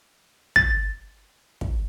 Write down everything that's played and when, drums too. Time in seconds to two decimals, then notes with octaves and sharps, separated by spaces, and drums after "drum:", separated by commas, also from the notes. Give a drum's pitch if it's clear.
0.56 A6, drum: kick
1.61 drum: kick